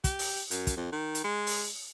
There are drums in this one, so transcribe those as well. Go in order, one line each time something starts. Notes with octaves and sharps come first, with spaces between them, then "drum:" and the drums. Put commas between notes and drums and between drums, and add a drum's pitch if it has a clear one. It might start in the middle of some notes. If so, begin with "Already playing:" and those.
G4, drum: kick, hi-hat
drum: open hi-hat
F#2, drum: hi-hat
drum: kick, hi-hat
F2
D#3
drum: hi-hat
G#3
drum: open hi-hat